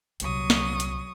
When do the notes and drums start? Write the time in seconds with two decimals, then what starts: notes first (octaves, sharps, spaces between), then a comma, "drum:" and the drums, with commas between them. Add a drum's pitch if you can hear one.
0.20 D#1 C2 F#3 C#6 D#6, drum: hi-hat
0.50 drum: snare
0.80 drum: hi-hat